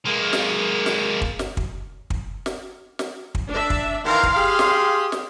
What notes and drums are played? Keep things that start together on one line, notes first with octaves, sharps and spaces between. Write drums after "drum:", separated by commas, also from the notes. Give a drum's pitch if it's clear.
G#3 A#3
drum: snare
drum: snare
drum: kick
drum: snare
drum: kick
drum: kick
drum: snare
drum: snare
drum: kick
D4 E5
drum: kick
D#3 E3 A#4 F5 C6
drum: kick
G4 G#4
drum: snare
drum: snare